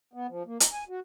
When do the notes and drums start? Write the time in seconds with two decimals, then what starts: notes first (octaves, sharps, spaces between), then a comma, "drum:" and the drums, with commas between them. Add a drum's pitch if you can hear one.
0.13 B3
0.29 F3
0.46 A#3
0.60 A#5, drum: hi-hat
0.72 G#5
0.89 F#4